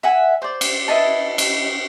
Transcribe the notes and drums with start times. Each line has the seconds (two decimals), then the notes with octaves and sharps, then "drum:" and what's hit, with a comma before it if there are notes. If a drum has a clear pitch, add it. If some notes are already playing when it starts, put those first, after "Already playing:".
0.03 E5 F#5 G#5
0.42 C5 D5
0.61 drum: cymbal
0.88 E4 B4 D#5 A5
1.38 drum: cymbal